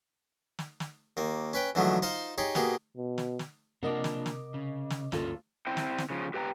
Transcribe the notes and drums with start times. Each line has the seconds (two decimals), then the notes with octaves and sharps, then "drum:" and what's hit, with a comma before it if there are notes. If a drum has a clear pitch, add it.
0.59 drum: snare
0.80 drum: snare
1.17 D#2 A#3
1.53 C#4 B4 G5
1.75 E2 G#2 D3 F3 F#3 A3
2.02 D#4 F4 C5 F5
2.38 D#4 G4 G#4 C#5
2.55 B2 A#3 G4 G#4, drum: snare
2.97 B2
3.18 drum: snare
3.39 drum: snare
3.83 C3 A#3 D4 F4 A#4 D#5 F#5 D6
4.04 drum: snare
4.26 drum: snare
4.54 C#3
4.90 drum: snare
5.12 D2 G2 A#3 C#4 F4 A4, drum: snare
5.67 C4 E4 C5 G5
5.77 drum: snare
5.98 drum: snare
6.10 C#3 F3
6.34 G4 B4 G5 G#5 A#5